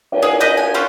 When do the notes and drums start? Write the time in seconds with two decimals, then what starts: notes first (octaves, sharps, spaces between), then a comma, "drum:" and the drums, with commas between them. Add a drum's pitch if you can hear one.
0.12 drum: cymbal
0.23 G#4
0.40 B4 D#5 D#6 G6
0.57 G#5
0.74 C#4 F4 B4 C5